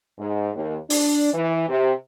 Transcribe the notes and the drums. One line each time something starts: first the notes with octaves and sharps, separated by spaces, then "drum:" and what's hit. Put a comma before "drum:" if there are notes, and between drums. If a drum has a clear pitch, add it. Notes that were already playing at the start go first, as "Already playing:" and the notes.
G#2
D#2
D4, drum: open hi-hat
E3
C3